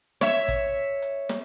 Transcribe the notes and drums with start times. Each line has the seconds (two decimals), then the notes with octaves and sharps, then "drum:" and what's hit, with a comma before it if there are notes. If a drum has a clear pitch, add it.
0.21 C#5 E5, drum: snare
0.48 drum: kick, hi-hat
1.02 drum: hi-hat
1.29 drum: snare